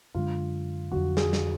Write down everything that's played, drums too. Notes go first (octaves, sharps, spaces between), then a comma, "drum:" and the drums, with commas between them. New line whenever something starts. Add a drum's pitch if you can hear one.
F#2 D3 G#3 D4 F4
F2 D3 F#3 F#4
G#4, drum: snare
drum: snare